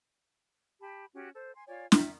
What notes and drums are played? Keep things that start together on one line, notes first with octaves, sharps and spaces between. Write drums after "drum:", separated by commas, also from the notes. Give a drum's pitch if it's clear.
G4 A5 B5
C#4 F#4 G4
A4 C5
G#5 C6
F4 C#5 D5 G#5
E5 G5, drum: snare